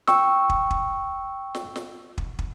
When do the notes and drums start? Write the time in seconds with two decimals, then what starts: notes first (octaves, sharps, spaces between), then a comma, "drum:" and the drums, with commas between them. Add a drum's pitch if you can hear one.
0.07 G5 C#6 E6, drum: snare
0.49 drum: kick
0.71 drum: kick
1.55 drum: snare
1.76 drum: snare
2.18 drum: kick
2.39 drum: kick